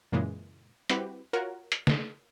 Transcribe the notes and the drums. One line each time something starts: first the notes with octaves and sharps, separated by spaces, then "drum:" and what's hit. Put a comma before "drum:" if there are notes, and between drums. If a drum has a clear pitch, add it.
F#2 A#2 C#3 E3 G#3
G3 C4 E4 F#4 G4 B4, drum: hi-hat
F4 F#4 A#4 C#5 F#5
drum: hi-hat
drum: snare